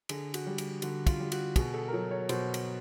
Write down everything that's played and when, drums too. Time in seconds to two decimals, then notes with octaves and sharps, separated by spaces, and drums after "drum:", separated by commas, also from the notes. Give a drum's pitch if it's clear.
0.09 D3 G#4, drum: cymbal
0.34 F#4, drum: cymbal
0.47 G3
0.58 F#4, drum: cymbal
0.82 D3 F#4, drum: cymbal
1.07 F4, drum: kick, cymbal
1.20 G3
1.32 F#4, drum: cymbal
1.56 B2 G#4, drum: kick, cymbal
1.74 A4
1.88 A#4
1.93 F#3 A4
2.11 C#5
2.29 B2 C5, drum: cymbal
2.54 drum: cymbal